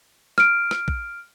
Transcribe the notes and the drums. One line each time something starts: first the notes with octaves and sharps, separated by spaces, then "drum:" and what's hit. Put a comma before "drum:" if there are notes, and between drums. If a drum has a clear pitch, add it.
F6 D7, drum: rim click
drum: rim click
drum: kick A#1